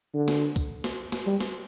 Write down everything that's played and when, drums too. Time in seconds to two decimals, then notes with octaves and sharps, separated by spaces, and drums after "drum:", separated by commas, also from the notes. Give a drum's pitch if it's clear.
0.14 D3
0.28 drum: snare
0.56 drum: kick, tambourine
0.84 drum: snare
1.12 drum: snare
1.26 G3
1.41 drum: snare